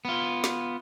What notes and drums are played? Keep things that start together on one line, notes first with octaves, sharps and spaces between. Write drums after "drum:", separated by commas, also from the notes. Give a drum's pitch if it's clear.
B3 F4
drum: snare